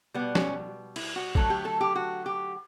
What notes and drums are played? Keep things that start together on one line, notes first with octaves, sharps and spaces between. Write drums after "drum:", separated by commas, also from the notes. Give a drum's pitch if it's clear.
B2 G3 B3
C#4, drum: snare
E4, drum: cymbal
F#4
D3 F#3 A3 A4, drum: kick
G4
A4
G4
F#4
G4